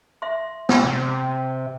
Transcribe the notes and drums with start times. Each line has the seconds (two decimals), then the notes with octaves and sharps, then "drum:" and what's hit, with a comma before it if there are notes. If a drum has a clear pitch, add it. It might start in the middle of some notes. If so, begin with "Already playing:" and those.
0.22 E5 C6
0.69 drum: snare
0.84 C3